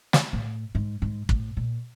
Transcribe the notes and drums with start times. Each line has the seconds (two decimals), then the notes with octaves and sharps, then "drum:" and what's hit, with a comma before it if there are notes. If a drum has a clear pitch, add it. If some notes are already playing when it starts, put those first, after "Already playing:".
0.13 drum: snare
0.33 A2
0.75 G#2
1.02 G#2
1.29 A2, drum: kick
1.57 A#2